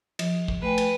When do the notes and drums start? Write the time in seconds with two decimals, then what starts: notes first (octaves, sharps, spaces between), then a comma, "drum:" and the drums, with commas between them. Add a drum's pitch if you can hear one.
0.19 F3, drum: cymbal
0.48 drum: kick A1
0.62 A3 B4 G5 G#5
0.78 drum: cymbal